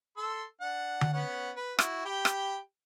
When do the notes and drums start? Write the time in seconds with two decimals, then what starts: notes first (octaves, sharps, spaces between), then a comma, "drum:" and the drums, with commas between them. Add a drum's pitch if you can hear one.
0.17 A4 C6 E6
0.61 D4 F#5
1.01 drum: tom D3
1.13 B3 C#4 F#5
1.56 B4
1.79 E4 F#4, drum: rim click
2.05 G4 G5 B5
2.25 drum: rim click